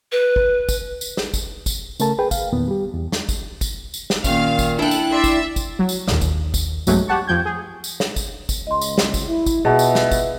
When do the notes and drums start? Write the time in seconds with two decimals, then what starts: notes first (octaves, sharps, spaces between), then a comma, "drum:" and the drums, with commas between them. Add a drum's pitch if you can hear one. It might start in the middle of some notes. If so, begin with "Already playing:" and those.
0.12 B4
0.36 drum: kick
0.69 drum: kick, tambourine
1.01 drum: tambourine
1.17 drum: snare
1.34 drum: kick, tambourine
1.66 drum: kick, tambourine
2.00 C#3 A3 A#4 A5, drum: tambourine
2.19 G#4 B4 G5
2.31 F5, drum: kick, tambourine
2.52 E2 A#2 D#3 B3
2.68 G3 G4
2.94 E2
3.12 drum: snare
3.29 drum: kick, tambourine
3.61 drum: kick, tambourine
3.94 drum: tambourine
4.10 drum: snare
4.24 A#2 D#3 A#3 C#4 F5, drum: kick, tambourine
4.59 drum: kick, tambourine
4.79 D4 E4 A4 G5 F#6
4.91 drum: tambourine
5.12 D5 E5 C6
5.24 drum: kick, tambourine
5.56 drum: kick, tambourine
5.79 F#3
5.89 drum: tambourine
6.08 A#1 D#2, drum: snare
6.21 drum: kick, tambourine
6.54 drum: kick, tambourine
6.87 B1 G2 C3 F#3 G#3 A3, drum: tambourine
7.08 G4 F#5 A5 C#6
7.27 F2 F3 G5 G6 G#6
7.45 G#4
7.84 drum: tambourine
8.00 drum: snare
8.16 drum: kick, tambourine
8.49 drum: kick, tambourine
8.67 C#2 D#5 C6
8.81 drum: tambourine
8.98 drum: snare
9.14 drum: kick, tambourine
9.27 E4
9.46 drum: kick, tambourine
9.65 B2 F4 G#4 B4 E5
9.79 drum: tambourine
9.95 drum: snare
10.11 drum: kick, tambourine